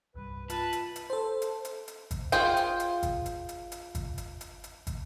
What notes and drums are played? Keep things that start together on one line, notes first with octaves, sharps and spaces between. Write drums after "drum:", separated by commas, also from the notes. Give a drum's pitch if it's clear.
C2 G2 G3 B4
F4 B4 A5, drum: hi-hat
drum: hi-hat
drum: hi-hat
A4 C5
drum: hi-hat
drum: hi-hat
drum: hi-hat
drum: kick, hi-hat
F4 G#4 C5 G5, drum: hi-hat
drum: hi-hat
drum: hi-hat
drum: kick, hi-hat
drum: hi-hat
drum: hi-hat
drum: hi-hat
drum: kick, hi-hat
drum: hi-hat
drum: hi-hat
drum: hi-hat
drum: kick, hi-hat